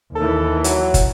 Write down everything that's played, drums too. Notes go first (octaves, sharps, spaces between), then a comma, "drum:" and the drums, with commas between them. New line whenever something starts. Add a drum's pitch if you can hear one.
D#2 E3 A4
F#3, drum: hi-hat
drum: kick, hi-hat